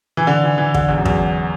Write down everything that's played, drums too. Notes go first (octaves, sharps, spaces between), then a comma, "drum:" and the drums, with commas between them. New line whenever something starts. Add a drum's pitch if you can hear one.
E3
D3
E3
E3
D3, drum: kick
E2
F#2
E2, drum: kick